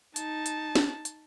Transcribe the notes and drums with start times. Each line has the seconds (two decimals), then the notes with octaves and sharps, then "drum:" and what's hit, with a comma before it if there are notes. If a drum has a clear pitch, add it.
0.16 D#4 A5, drum: hi-hat
0.46 drum: hi-hat
0.75 drum: snare
1.05 drum: hi-hat